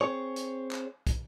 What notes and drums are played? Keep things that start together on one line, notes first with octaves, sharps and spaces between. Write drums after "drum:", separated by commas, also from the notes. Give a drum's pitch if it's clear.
C4 G#4 C#5
drum: hi-hat
drum: clap
drum: kick, hi-hat